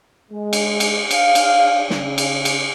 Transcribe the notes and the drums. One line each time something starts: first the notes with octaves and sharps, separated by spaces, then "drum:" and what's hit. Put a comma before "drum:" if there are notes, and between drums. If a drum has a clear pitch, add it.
G#3
drum: cymbal
drum: cymbal
F5, drum: cymbal
drum: cymbal
C#3, drum: snare
drum: cymbal
drum: cymbal